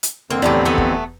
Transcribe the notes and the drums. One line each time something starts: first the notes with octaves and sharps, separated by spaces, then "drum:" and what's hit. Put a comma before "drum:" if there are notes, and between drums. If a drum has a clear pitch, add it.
drum: hi-hat
F2 D3 A#3 C4
E2 A2 F#3 G4 D5
A3 B3
drum: kick